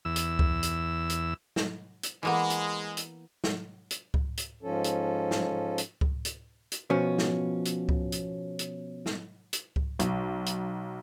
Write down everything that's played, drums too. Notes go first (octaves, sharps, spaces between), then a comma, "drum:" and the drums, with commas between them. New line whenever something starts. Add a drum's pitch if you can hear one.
E2 E6
drum: hi-hat
drum: kick C#2
drum: hi-hat
drum: hi-hat
drum: snare
drum: hi-hat
E3 G#3 A#3 B3
drum: hi-hat
drum: hi-hat
drum: snare
drum: hi-hat
drum: kick C#2
drum: hi-hat
G#2 F3 C#4 A4
drum: hi-hat
drum: snare
drum: hi-hat
drum: kick C#2
drum: hi-hat
drum: hi-hat
B2 F3 C#4
drum: snare
drum: hi-hat
drum: kick C#2
drum: hi-hat
drum: hi-hat
drum: snare
drum: hi-hat
drum: kick C#2
B1, drum: hi-hat
drum: hi-hat